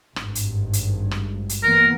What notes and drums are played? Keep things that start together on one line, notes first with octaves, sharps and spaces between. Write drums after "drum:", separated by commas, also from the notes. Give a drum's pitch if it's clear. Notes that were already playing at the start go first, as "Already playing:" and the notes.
G#1 G2, drum: rim click
drum: hi-hat
drum: hi-hat
drum: rim click
drum: hi-hat
E3 A#3 B3 A#4